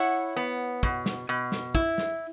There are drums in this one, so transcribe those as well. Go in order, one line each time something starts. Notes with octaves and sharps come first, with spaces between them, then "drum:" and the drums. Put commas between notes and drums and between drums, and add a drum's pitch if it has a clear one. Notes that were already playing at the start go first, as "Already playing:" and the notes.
Already playing: E4 C#5 F#5
B3
B2, drum: kick
drum: snare
B2
drum: snare
E4, drum: kick
drum: snare